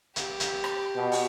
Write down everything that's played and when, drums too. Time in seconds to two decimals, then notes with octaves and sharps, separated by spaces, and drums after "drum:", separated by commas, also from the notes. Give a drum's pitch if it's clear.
0.16 G4, drum: hi-hat
0.40 drum: hi-hat
0.64 drum: rim click
0.96 B2
1.12 drum: open hi-hat